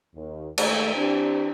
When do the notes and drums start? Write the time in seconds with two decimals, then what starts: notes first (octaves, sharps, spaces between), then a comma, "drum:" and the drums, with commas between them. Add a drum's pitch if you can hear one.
0.15 D#2
0.58 D#2 G#3 A3, drum: cymbal
0.96 E3 C4 D4 G4